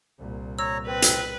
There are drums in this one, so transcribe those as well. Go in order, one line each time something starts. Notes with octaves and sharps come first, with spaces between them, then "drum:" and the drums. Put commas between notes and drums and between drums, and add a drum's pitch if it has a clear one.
C2 A#2
C#5 A#5 E6
C4 B4
drum: hi-hat